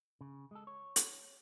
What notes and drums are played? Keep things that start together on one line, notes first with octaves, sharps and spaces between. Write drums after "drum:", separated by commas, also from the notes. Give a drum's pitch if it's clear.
C#3
G#3 A4
C#5
drum: hi-hat